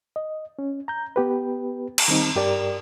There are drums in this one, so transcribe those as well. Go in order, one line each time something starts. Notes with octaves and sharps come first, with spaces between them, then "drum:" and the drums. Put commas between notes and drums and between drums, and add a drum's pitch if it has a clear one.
D#5
C#4
A#5 G6
B3 G4 B4
drum: cymbal
D#3 G3 C4 D#4
G2 G4 A#4 D5